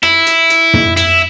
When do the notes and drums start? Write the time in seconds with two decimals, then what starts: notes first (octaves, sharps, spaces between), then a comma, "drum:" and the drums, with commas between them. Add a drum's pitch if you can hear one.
0.03 E4, drum: rim click
0.27 drum: hi-hat
0.50 drum: hi-hat
0.74 drum: tom
0.97 E4, drum: hi-hat